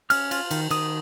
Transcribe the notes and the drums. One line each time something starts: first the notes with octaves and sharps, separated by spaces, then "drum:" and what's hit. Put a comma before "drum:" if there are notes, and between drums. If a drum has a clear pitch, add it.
C#4 F6, drum: cymbal
F4, drum: cymbal
D#3, drum: cymbal
D#3 D#6, drum: cymbal